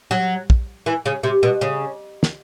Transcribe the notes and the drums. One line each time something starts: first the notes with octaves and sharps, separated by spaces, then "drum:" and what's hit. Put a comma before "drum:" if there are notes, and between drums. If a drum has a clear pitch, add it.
F#3
drum: kick
E3
C#3
C3
B2
C#3
drum: snare